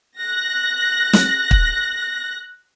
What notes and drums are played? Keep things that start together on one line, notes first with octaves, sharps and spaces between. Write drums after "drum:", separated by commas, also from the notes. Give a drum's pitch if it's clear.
F#6 A#6
drum: snare
drum: kick